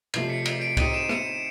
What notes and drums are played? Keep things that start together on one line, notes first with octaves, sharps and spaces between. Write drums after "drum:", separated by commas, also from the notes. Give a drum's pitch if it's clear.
C3 F3 A3 C7, drum: cymbal
B6 C#7
drum: cymbal
C7 D7
C4 D#4 G4 C#7 D#7, drum: kick C2, cymbal
D7 E7
C#7 D#7, drum: rim click